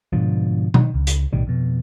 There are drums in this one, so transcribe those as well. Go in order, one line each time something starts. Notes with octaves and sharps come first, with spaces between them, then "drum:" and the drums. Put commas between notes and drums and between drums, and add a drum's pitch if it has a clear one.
G#2 B2 D3 F3
D#3, drum: tom B2
C#2
drum: hi-hat
B1 A2 D#3 G3
F2 B2